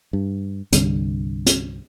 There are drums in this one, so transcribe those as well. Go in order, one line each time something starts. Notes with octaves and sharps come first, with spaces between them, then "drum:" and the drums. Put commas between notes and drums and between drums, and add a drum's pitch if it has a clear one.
G2
C2 G2 D3, drum: hi-hat
drum: hi-hat